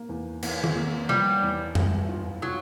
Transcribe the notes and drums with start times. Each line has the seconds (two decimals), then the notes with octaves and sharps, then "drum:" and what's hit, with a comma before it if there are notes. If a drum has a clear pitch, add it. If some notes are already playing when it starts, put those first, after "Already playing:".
Already playing: A#3
0.09 E2
0.43 E2, drum: cymbal
0.64 drum: tom D#3
0.75 A#3
1.09 F3 G3
1.42 E2
1.75 G3, drum: tom F2
2.09 F4
2.42 F#3 F4